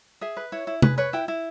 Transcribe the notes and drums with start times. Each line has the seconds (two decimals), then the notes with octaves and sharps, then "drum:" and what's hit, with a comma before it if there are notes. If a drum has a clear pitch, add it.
0.21 G#4 E5
0.37 B4
0.52 E4 C#5
0.67 E4
0.82 G#4 B4, drum: tom
0.98 B4 C#5
1.13 E4 G5
1.28 E4